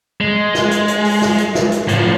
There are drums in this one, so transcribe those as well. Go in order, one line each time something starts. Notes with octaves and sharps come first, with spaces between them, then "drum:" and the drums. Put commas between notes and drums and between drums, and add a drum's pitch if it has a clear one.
G#3
drum: snare
drum: hi-hat
drum: hi-hat
drum: open hi-hat
drum: snare
drum: hi-hat
drum: snare
drum: hi-hat
A2 F3, drum: hi-hat